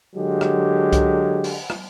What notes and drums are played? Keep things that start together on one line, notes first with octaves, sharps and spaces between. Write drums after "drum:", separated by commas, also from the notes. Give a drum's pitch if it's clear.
D3 F#3 G#3 G4
drum: rim click
drum: kick C2, hi-hat
drum: open hi-hat
drum: rim click